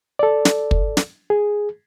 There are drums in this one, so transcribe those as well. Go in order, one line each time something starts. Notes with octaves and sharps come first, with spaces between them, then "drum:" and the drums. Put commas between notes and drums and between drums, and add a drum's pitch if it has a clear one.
A4 D5
drum: snare
drum: kick
drum: snare
G#4